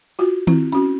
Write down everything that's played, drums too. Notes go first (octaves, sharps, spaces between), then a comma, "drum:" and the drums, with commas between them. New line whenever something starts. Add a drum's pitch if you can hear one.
F4 F#4
C4 E4, drum: tom D#3
C#4 F#4, drum: hi-hat